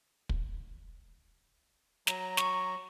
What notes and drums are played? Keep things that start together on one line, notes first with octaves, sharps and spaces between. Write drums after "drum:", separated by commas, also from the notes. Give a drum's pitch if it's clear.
drum: kick
F#3 A#5, drum: snare
C#6, drum: snare